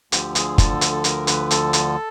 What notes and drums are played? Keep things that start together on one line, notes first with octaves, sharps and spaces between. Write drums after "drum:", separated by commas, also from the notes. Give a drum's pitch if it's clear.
D2 D3 F3 G4, drum: hi-hat
G#4, drum: hi-hat
A4, drum: kick, hi-hat
drum: hi-hat
A4
A#4, drum: hi-hat
B4, drum: hi-hat
A4, drum: hi-hat
drum: hi-hat